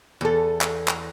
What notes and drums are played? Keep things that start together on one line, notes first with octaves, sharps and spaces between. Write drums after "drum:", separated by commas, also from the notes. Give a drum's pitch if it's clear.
E2 A4
drum: clap
drum: clap